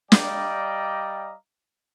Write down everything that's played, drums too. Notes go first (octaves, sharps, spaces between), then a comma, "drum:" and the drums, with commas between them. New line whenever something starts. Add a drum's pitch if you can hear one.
G3 D5 D#5 F5 G5 A#5, drum: snare